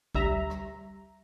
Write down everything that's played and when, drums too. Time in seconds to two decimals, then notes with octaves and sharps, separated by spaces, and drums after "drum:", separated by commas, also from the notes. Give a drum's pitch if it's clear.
0.14 D2 G3 E5 A#5, drum: kick
0.50 drum: rim click